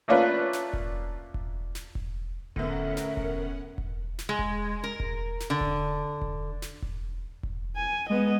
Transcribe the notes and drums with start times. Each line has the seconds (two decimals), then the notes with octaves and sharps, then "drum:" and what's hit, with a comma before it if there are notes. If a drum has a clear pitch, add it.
0.08 A3 A#3 C#4 D4 F4 B4
0.53 drum: snare
0.73 drum: kick E1
1.34 drum: kick E1
1.75 drum: snare
1.95 drum: kick E1
2.56 A2 D3 B3 C#4 A#4 E5 F#5, drum: kick E1
2.97 drum: snare
3.17 drum: kick E1
3.78 drum: kick E1
4.19 drum: snare
4.29 G#3
4.39 drum: kick E1
4.84 A#4
5.00 drum: kick E1
5.40 drum: snare
5.50 D3
5.61 drum: kick E1
6.22 drum: kick E1
6.62 drum: snare
6.82 drum: kick E1
7.43 drum: kick E1
7.76 G#5
8.10 G#3 B3 D#5